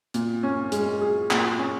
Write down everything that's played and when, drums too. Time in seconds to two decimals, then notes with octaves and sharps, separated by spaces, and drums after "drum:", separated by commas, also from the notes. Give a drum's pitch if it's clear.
0.14 A#2, drum: hi-hat
0.43 C#4
0.72 G#3, drum: hi-hat
1.01 G#4
1.31 A#2, drum: clap
1.58 C#4